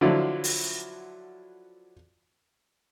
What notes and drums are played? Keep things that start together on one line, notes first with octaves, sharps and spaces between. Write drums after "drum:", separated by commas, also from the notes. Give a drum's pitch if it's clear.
D3 F3 F#3 E4 F4
drum: open hi-hat